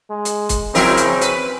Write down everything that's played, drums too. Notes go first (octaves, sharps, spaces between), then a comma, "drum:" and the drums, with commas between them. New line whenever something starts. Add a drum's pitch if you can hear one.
G#3
drum: hi-hat
drum: kick, hi-hat
C#3 F3 C4 C#4 D#4 E4 A#4, drum: open hi-hat
drum: hi-hat
B4, drum: hi-hat